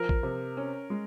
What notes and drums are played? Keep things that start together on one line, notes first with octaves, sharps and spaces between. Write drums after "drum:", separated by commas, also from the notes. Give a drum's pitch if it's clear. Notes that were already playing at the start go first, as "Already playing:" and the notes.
Already playing: F3 A#4
drum: kick A#1
C3
C#4
G#3